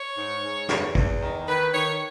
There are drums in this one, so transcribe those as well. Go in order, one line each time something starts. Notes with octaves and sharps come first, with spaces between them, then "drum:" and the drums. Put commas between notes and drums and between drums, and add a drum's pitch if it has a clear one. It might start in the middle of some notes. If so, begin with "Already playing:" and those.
Already playing: C#5
G#2
G#2
E2, drum: snare
E2, drum: kick
D#3
D#3 B4
D#3 C#5